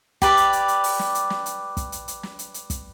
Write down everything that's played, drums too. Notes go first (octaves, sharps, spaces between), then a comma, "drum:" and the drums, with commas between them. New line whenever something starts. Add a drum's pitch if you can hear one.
G4 B4 D5, drum: kick, hi-hat
drum: hi-hat
drum: hi-hat
drum: hi-hat
drum: open hi-hat
drum: snare
drum: hi-hat
drum: snare
drum: hi-hat
drum: kick, hi-hat
drum: hi-hat
drum: hi-hat
drum: snare
drum: hi-hat
drum: hi-hat
drum: kick, hi-hat